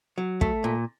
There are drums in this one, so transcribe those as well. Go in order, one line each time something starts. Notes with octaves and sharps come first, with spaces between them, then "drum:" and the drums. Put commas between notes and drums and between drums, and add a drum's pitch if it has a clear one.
F#3
A3, drum: kick
A#2